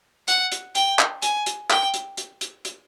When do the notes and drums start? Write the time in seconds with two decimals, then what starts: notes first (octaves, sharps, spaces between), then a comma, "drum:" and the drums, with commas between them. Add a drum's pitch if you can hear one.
0.28 F#5, drum: hi-hat
0.52 drum: hi-hat
0.75 G5, drum: hi-hat
0.99 drum: clap
1.22 G#5, drum: hi-hat
1.46 drum: hi-hat
1.70 G5, drum: clap
1.94 drum: hi-hat
2.17 drum: hi-hat
2.41 drum: hi-hat
2.65 drum: hi-hat